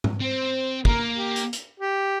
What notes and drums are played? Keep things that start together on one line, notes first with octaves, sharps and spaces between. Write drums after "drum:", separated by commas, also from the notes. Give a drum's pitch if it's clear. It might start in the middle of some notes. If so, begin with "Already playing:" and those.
drum: tom G#2
C4 C5
A#3 A#4, drum: kick
G4
drum: hi-hat
drum: hi-hat
G4